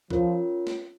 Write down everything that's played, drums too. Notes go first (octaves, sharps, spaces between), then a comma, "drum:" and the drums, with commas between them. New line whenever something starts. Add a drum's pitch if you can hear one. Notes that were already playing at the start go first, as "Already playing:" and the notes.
F3 C#4 F4 A#4 C#5, drum: kick C#2
drum: snare